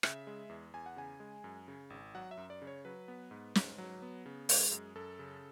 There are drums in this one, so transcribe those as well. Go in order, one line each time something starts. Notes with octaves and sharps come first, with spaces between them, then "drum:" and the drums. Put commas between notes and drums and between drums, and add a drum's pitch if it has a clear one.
C#3 E5, drum: rim click
G#3
E2
E2 G#5
F#5
C#3 G#5
G#3
F#2
C#3
G#1
F#3 F#5
E5
F#2
D5
C#3
C#5
F#3 B4
B3
G#2
G#2, drum: snare
F#3
B3
C#3
G#3, drum: open hi-hat
F#2
F#2 A4
C#3